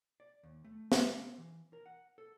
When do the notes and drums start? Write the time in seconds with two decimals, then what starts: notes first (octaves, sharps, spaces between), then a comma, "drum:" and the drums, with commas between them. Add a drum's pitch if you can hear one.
0.20 D5
0.43 D#2
0.65 A3
0.92 A3, drum: snare
1.09 F5
1.38 E3
1.73 A#4
1.86 F#5
2.18 A4